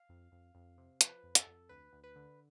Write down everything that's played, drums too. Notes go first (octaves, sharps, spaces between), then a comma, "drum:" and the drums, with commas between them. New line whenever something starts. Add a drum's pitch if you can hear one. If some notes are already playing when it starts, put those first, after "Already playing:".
Already playing: F5
F2
F2
F2
C3
F3 B4, drum: hi-hat
F2
A4, drum: hi-hat
F2
D2 B4
D2
B4
D3